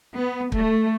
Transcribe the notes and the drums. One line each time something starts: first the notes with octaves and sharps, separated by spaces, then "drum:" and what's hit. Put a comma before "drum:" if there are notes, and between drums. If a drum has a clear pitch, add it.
B3
A3, drum: kick